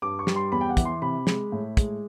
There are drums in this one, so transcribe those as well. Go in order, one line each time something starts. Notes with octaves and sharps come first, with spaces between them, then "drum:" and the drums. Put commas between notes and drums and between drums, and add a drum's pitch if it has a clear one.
G2 D6
C#6
G3, drum: snare
C6
E2 B5
G5
F#5
E3, drum: kick, hi-hat
C6
C3 B5
G#3, drum: snare
A2
G#3, drum: kick, hi-hat